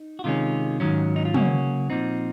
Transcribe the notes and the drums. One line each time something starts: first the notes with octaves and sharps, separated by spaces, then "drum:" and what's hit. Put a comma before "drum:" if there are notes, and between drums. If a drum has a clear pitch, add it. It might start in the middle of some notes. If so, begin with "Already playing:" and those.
Already playing: D#4
F#4
C3 D#3 G#3 C#4 F4
G#2 D#3 F#3 C#4
D#4
F4
C#3 F#3 A#3 C#4 F#4, drum: tom
A#2 F3 C4 D#4